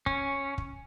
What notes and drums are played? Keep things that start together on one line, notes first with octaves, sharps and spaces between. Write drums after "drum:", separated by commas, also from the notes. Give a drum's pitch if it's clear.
C#4, drum: kick
drum: kick